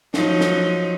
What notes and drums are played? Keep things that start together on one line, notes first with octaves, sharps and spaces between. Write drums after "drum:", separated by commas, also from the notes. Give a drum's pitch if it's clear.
F3 F#3 D#4, drum: snare
drum: snare